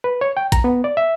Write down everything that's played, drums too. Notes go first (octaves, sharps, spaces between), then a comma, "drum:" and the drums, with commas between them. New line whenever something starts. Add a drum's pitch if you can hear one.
B4
C#5
G5
A#5, drum: kick, hi-hat
B3
D5
E5